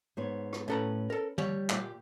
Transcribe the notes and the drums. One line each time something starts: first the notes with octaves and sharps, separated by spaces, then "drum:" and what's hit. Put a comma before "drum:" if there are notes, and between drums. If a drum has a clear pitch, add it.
G#2 B3 C#5
drum: rim click
A2 C#4 A4 B4 A#5
A4 A#4
G3 C#5, drum: tom
A#2 G4, drum: clap